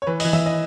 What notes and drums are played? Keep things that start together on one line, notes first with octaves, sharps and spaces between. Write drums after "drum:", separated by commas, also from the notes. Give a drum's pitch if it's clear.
C#5
E3 B4
E3 D#5, drum: open hi-hat
E5, drum: tom D#3
D#5